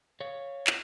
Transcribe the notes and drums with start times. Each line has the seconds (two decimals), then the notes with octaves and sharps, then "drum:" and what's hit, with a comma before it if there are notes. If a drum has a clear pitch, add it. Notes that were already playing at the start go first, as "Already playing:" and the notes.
0.20 C#5 F5
0.67 drum: clap